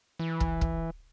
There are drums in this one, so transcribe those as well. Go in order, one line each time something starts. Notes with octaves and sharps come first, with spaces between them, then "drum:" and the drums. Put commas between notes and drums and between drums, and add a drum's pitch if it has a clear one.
E3
drum: kick
drum: kick